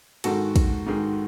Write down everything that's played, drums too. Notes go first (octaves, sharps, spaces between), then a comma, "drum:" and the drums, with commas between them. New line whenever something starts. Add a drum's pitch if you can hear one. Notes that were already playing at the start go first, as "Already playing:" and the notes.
G#2 D#3 G#3 F#4 A4, drum: cymbal
drum: kick, cymbal
G#2 D#3 G#3